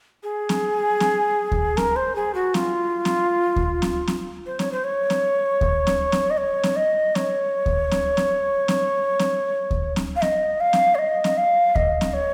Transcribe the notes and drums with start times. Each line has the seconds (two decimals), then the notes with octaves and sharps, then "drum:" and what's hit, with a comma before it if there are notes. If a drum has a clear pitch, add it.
0.23 G#4
0.49 drum: snare C4
1.00 drum: snare C4
1.52 drum: kick D2
1.77 A#4, drum: snare C4
1.96 C5
2.15 G#4
2.35 F#4
2.54 F4, drum: snare C4
3.05 drum: snare C4
3.56 drum: kick D2
3.82 drum: snare C4
4.07 drum: snare C4
4.46 C5
4.59 C#5, drum: snare C4
4.72 C5
4.84 C#5
5.10 drum: snare C4
5.61 drum: kick D2
5.87 drum: snare C4
6.12 drum: snare C4
6.30 D#5
6.37 C#5
6.63 drum: snare C4
6.76 D#5
7.15 C#5, drum: snare C4
7.66 drum: kick D2
7.91 drum: snare C4
8.17 drum: snare C4
8.68 drum: snare C4
9.19 drum: snare C4
9.71 drum: kick D2
9.96 drum: snare C4
10.16 F5
10.22 D#5, drum: snare C4
10.60 F5
10.73 drum: snare C4
10.95 C#5
10.98 D#5
11.24 drum: snare C4
11.37 F5
11.75 D#5, drum: kick D2
12.01 drum: snare C4
12.13 C#5